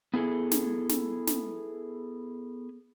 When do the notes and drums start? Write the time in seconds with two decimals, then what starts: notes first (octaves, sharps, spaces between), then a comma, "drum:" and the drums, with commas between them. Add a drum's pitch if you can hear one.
0.14 B3 E4 G#4 A4
0.51 drum: snare
0.89 drum: snare
1.27 drum: snare